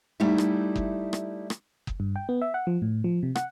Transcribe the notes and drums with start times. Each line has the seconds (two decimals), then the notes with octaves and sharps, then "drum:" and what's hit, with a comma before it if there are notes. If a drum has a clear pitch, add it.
0.20 G3 A3 D#4 E4 E5
0.38 drum: rim click
0.76 drum: kick F#1
1.13 drum: rim click
1.50 drum: rim click
1.87 drum: kick F#1
2.00 G2
2.16 G5
2.29 B3
2.42 E5
2.54 F#5
2.67 F3
2.82 A2
3.04 F3
3.23 C3
3.36 F#5, drum: rim click